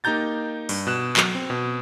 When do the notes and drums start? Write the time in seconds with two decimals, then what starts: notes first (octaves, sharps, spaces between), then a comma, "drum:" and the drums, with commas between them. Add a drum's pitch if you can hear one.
0.04 A#3 D#4 G4 A#5 G6 A6
0.69 G2, drum: open hi-hat
0.87 B2 F#6 E7
1.17 F#3, drum: clap
1.35 C4
1.50 B2